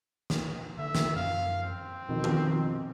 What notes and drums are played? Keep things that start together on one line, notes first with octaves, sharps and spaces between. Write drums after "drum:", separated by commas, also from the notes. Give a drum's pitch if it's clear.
drum: snare
D3 E5
drum: snare
F#2 F5
C4
F2 B2 D#3
drum: tom D#3